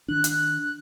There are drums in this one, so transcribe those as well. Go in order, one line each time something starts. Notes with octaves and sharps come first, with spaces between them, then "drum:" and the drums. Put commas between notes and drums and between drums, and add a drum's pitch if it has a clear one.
D#3 D4 F#6
drum: hi-hat